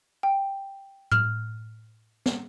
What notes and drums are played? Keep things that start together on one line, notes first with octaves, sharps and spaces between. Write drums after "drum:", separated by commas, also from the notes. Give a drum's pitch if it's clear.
G5
F6, drum: tom
drum: snare